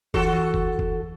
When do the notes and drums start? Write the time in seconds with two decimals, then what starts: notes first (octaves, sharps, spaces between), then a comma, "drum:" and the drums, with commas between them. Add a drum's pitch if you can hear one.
0.14 E3 F#4 A4, drum: kick F1
0.54 drum: kick F1
0.79 drum: kick F1